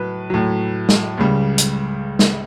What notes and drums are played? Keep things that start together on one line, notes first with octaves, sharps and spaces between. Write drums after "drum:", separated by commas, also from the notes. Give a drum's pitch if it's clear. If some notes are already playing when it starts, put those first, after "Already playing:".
Already playing: A2 F#3 B4
A2 F#3
drum: snare
C#2 C#3 G3
drum: hi-hat
drum: snare